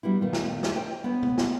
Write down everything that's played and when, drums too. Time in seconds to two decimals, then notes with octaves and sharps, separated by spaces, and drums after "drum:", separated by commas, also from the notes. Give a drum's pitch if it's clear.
0.03 F#3 G3 B3 E4
0.21 A#2 D#3 B3
0.33 drum: snare
0.63 drum: snare
0.76 C5 D#5 G5
1.04 B3 C5 C#5
1.23 drum: tom
1.38 drum: snare